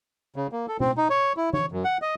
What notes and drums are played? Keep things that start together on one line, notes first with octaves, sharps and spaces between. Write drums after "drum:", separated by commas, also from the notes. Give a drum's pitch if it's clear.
C#3
A#3
A4
C4, drum: tom B2
D#4
C#5
E4
C#5, drum: tom
F#2
F#5
D#5